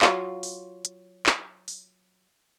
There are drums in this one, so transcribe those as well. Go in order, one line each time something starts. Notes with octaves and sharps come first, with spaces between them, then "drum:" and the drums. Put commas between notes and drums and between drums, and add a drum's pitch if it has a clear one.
F#3 F4, drum: clap
drum: open hi-hat
drum: hi-hat
drum: clap
drum: open hi-hat